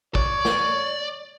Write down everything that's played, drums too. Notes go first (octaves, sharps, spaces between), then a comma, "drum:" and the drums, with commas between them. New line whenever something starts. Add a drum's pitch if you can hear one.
C#5 D5, drum: kick
drum: snare